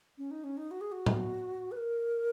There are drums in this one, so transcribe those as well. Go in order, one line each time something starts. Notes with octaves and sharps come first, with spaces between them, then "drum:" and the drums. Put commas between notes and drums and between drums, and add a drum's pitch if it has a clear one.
C#4
D#4
C#4
D#4
F#4
G#4
F#4
drum: tom A2
B4
A#4